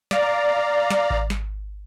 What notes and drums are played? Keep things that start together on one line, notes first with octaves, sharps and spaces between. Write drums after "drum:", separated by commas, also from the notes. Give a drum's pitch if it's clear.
D5 F5 A#5, drum: snare
drum: snare
drum: kick G#1
drum: snare